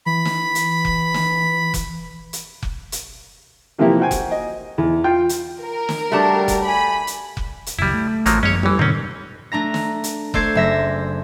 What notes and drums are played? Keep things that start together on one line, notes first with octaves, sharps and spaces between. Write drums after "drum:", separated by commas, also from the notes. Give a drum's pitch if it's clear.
E3 B5
drum: snare
drum: hi-hat
drum: kick F1
drum: snare
drum: kick F1, hi-hat
drum: hi-hat
drum: kick F1
drum: hi-hat
C3 E3 F3 A#3 E4 G4
F#4 C5 G5 G#5
drum: kick F1, hi-hat
D#5
E2
F4 G5
drum: hi-hat
A#4
drum: snare
G3 A3 D4 F#4 A5
drum: kick F1, hi-hat
G#5 B5
drum: hi-hat
drum: kick F1
drum: hi-hat
F#1 C#2 F#3 G3 E4
A3
A1 F3 F#3 A#3, drum: hi-hat
F#2 F3 G#3 A#3 C#4 C#5
G1 E3 G3
A2 C3 D#3 C4 C#4
A3 D4 A#5 A#6
drum: snare
drum: hi-hat
A3 A4 C5 D5 G#6 C7, drum: kick F1
F#1 E5 A#6